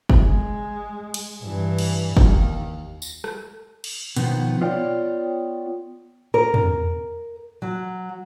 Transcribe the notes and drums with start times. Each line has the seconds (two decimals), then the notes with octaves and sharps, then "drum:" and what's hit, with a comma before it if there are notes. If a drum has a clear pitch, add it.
0.09 drum: kick
0.21 G#3
1.14 drum: cymbal
1.43 G2 E3
1.79 drum: cymbal
2.17 D#2, drum: kick
3.02 drum: tambourine
3.24 drum: rim click
3.84 drum: cymbal
4.16 B2 D#3 F3 B3, drum: hi-hat
4.61 B3 F4 C#5 D5 G5
6.34 A#4
6.54 drum: tom
7.62 F#3